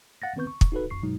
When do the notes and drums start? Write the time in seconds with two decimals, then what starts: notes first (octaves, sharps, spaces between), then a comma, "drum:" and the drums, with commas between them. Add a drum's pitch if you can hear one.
0.22 F5 F#5 A6 A#6
0.36 D#3 B3 C4 B4 C#6 G6
0.47 C#6
0.61 drum: kick
0.72 D#4 F#4 A4 B4
0.90 G1 F#2 C#6 C7
1.03 G2 B2 F#3 G#3 D#4